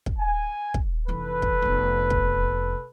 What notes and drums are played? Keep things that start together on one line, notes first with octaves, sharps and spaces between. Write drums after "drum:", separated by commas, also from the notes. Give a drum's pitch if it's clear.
drum: kick
G#5
drum: kick
F1 E3 A4 B4
drum: kick
F1 B3
drum: kick